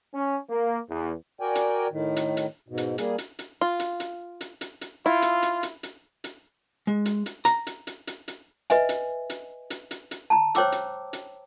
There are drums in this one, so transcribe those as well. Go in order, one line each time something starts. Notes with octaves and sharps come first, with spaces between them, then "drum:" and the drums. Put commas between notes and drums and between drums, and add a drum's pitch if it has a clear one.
C#4
A#3
E2
F#4 A#4 D5 G5 G#5
drum: hi-hat
A2 D#3
drum: hi-hat
drum: hi-hat
G#2 B2
drum: hi-hat
G3 A#3 G#4, drum: hi-hat
drum: hi-hat
drum: hi-hat
F4
drum: hi-hat
drum: hi-hat
drum: hi-hat
drum: hi-hat
drum: hi-hat
E4 F4
drum: hi-hat
drum: hi-hat
drum: hi-hat
drum: hi-hat
drum: hi-hat
G#3
drum: hi-hat
drum: hi-hat
A#5, drum: hi-hat
drum: hi-hat
drum: hi-hat
drum: hi-hat
drum: hi-hat
B4 D#5 E5 G#5, drum: hi-hat
drum: hi-hat
drum: hi-hat
drum: hi-hat
drum: hi-hat
drum: hi-hat
A5 A#5
C5 C#5 G5 D6 E6, drum: hi-hat
drum: hi-hat
drum: hi-hat